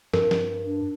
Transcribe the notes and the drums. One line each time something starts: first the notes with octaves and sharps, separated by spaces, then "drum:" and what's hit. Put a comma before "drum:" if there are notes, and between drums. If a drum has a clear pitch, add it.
G2 A#4, drum: snare
drum: snare
D4